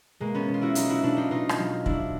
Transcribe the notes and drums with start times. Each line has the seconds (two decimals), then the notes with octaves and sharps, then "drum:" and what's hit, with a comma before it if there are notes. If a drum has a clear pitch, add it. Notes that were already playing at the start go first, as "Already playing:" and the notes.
0.20 B2 G#3 A#3
0.34 B3 C#4
0.48 B2
0.54 F4
0.61 E4 F#4
0.75 F#3 D#4 F4, drum: hi-hat
0.90 E4 F#4
1.03 B2 D4 E4
1.17 D#4 F4
1.30 B2 D#4 F4
1.49 drum: rim click
1.59 F#3
1.86 F#3 D4 E4, drum: kick